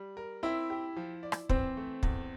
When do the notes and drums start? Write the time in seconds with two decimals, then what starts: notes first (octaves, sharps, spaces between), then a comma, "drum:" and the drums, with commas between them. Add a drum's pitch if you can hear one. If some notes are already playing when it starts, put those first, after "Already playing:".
Already playing: G3
0.17 A#4
0.43 C4 E4 E5
0.70 G4
0.96 F3
1.23 D5
1.32 drum: rim click
1.49 E3 C4 C5, drum: kick
1.77 A3
2.03 E2, drum: kick